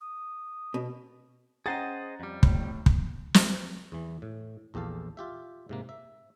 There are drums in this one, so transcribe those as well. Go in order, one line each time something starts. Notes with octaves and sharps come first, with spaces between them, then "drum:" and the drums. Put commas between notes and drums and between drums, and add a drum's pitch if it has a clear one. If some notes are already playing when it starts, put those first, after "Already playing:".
D#6
B2
C#4 G#4 C5 D#5 F#5 G5 A#5 A6
F2 G3
A2, drum: kick
drum: kick
drum: snare
E2 E3
A2
A#1 E2 G4 A4 F5
F4 G4 E5
G#2 C3 A#3
E5